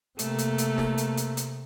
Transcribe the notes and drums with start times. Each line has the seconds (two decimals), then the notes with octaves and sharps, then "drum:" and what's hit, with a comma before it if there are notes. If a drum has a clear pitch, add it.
0.19 C3 A3 A#3, drum: hi-hat
0.38 drum: hi-hat
0.58 drum: hi-hat
0.78 drum: snare
0.98 drum: hi-hat
1.17 drum: hi-hat
1.37 drum: hi-hat